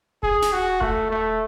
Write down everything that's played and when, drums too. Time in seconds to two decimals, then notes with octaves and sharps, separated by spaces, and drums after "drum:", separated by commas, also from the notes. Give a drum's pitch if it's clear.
0.23 G#4, drum: kick D#1
0.42 drum: snare
0.52 F#4
0.81 A3, drum: kick D#1
1.10 A3